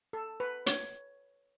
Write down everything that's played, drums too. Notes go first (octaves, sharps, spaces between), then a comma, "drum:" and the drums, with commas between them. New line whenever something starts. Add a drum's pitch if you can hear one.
A4
B4
C#5, drum: hi-hat